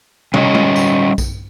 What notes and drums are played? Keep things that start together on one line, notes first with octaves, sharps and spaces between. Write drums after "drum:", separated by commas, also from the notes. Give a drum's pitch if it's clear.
G3 C#4 C#5 D#5, drum: tom
drum: tom G#3
drum: tambourine
drum: kick A#1, tambourine